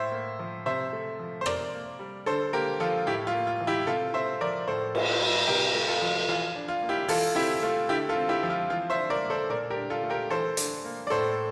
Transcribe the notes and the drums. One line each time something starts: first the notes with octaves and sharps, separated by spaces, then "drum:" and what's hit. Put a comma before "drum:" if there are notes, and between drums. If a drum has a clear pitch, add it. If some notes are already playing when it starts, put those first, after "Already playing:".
Already playing: A2 C5 E5
A#3
F3
C3 C5 E5
A3
F3
C5
C3 A#4 D5, drum: rim click
A#3
G3
D3 A4 C5
A#3 G4 A#4
F3 F4 A4
A2 E4 G4
F4
A#3
F4
E3
E4 G4
C3 F4 A4
C4 C5 E5
F3 A#4 D5
A2 A4 C5
A#3, drum: cymbal
G3
C3 G4 A#4
A3
F4 A4
F3
E3 F4
D4
F4
A#3
E4 G4
E3 F4 A4, drum: open hi-hat
C4 E4 G4
A3 F4
D3 E4 G4
F4 A4
C4
E4 G4
F3
F4
E3 F4
C5 E5
D4
A#4 D5
A#3
A4 C5
A#2 A#4 D5
G4 A#4
D4
F4 A4
A3
G4 A#4
E3 A4 C5
D4, drum: hi-hat
A#3
D5
A2 A4 C5